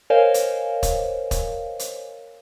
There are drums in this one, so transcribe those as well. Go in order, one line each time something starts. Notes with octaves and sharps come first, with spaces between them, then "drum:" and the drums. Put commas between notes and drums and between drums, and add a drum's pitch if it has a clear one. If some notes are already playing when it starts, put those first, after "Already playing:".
A#4 C5 C#5 D#5 F5 G#5
drum: hi-hat
drum: kick, hi-hat
drum: kick, hi-hat
drum: hi-hat